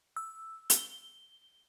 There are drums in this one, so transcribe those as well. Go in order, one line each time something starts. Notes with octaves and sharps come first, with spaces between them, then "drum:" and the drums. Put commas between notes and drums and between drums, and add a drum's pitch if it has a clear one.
E6
G7, drum: hi-hat